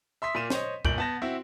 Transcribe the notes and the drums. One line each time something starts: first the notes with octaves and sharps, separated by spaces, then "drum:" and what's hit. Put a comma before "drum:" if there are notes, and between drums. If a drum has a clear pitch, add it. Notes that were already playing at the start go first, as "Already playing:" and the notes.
E5 C6 D#6 B6
A#2 A#3 C6 D#7 E7
C5 C#5 D#5, drum: snare
G1 A#2 G6 D7 F#7, drum: kick C2
B3 A5 A#6
C4 E4 F#4